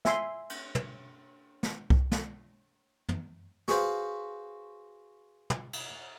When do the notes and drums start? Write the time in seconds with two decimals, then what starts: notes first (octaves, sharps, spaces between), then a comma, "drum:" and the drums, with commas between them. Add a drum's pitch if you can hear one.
0.05 E5 G#5 C6, drum: snare
0.49 drum: cymbal
0.75 drum: tom
1.63 drum: snare
1.90 drum: kick C2
2.12 drum: snare
3.09 drum: tom
3.68 F#4 G#4 B4 C5 F5, drum: snare
5.50 drum: tom
5.73 drum: cymbal